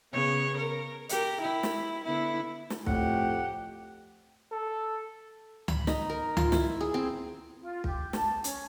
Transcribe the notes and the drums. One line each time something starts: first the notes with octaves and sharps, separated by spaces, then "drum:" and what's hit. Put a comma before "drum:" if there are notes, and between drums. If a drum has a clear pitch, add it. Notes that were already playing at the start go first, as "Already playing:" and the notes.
C#3 B3 C#5
A#4
G4 A#4, drum: hi-hat
E4
drum: snare
D3 B3 E4
drum: snare
F2 A2 G4 F#5, drum: kick
A4
B5, drum: tom C#2
D#4, drum: snare
A#4
F4, drum: tom C#2
E4, drum: snare
G#4
C4
F4
G4, drum: kick
A5, drum: snare
C#4, drum: hi-hat